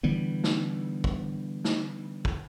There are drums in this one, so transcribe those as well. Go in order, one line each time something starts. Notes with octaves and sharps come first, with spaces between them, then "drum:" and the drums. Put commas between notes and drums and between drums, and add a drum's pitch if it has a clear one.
D3 E3 G3 B3
drum: snare
drum: kick
drum: snare
drum: kick